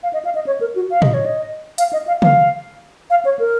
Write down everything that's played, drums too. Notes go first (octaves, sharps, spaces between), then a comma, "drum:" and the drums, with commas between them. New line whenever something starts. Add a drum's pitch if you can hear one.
F5
D#5
F5
D#5
C#5
A#4
F#4
F5
D#5, drum: tom
C#5
D#5
F5, drum: hi-hat
D#5
F5
F5, drum: tom
F5
C#5
A#4